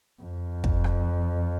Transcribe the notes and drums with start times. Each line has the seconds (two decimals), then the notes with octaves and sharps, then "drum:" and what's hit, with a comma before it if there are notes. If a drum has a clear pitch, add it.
0.23 F2
0.64 drum: kick
0.84 drum: rim click